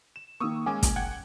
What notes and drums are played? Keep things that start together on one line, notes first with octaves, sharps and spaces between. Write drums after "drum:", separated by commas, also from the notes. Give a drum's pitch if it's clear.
E7
D#3 A#3 C#6 D#6 E6
G#3 A#3 C#4 G#5 D6
drum: kick, hi-hat
F#5 G5 G#6